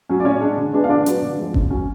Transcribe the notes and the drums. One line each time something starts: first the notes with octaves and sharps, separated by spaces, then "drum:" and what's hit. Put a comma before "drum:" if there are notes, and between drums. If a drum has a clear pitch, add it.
F#3 C#4
D5
A2 C#4 C#5
G#3 D4
D3
G#3 B3 D4
F5
D3 D4 D5
F#3 B3 D4, drum: hi-hat
D3
F3 G#3
C#3, drum: kick G1
F#3 C#4